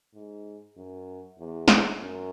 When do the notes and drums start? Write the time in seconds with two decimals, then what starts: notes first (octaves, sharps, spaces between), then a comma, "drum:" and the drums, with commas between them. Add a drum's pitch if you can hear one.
0.14 G#2
0.76 F#2
1.39 E2
1.68 drum: snare
2.01 F#2